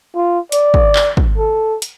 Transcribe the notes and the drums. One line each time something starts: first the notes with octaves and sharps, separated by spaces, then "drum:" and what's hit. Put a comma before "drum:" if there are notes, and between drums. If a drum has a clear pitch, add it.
F4
D5, drum: hi-hat
drum: kick
drum: clap
drum: kick
A4
drum: hi-hat